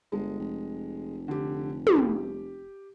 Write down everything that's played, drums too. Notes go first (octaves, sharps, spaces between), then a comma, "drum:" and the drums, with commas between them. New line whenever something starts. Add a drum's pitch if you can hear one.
G1 G#3
F1
D3 G4
G4, drum: tom